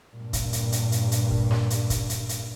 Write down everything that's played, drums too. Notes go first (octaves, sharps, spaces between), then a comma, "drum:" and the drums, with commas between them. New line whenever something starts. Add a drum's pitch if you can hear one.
G2 A#2
drum: kick, hi-hat
drum: hi-hat
drum: hi-hat
drum: hi-hat
drum: hi-hat
drum: kick
drum: snare
drum: hi-hat
drum: kick, hi-hat
drum: hi-hat
drum: hi-hat